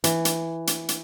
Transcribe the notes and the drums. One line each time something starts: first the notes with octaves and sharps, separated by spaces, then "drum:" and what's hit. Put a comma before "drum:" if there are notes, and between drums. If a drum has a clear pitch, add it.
E3, drum: hi-hat
drum: hi-hat
drum: hi-hat
drum: hi-hat